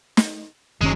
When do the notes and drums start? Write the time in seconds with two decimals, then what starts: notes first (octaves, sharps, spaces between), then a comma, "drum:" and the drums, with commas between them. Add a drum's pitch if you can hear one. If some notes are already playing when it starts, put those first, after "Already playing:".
0.17 drum: snare
0.81 F#1 D#3 F#3 G#3 C#4